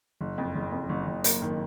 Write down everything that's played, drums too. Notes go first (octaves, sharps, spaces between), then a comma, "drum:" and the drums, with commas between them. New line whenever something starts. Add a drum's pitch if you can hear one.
F#1
F2
F#1
F2
F#1
F#1
A#3, drum: hi-hat
D#3